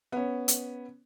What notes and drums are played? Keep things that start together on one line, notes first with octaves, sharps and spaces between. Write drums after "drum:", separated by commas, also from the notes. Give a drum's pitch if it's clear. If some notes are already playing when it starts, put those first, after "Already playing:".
B3 C#4
drum: hi-hat